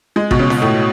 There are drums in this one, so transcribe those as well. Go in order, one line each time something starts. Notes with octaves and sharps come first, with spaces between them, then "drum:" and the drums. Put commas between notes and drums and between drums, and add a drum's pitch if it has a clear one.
G#3
B2, drum: kick G#1
C#3
drum: snare F4
A2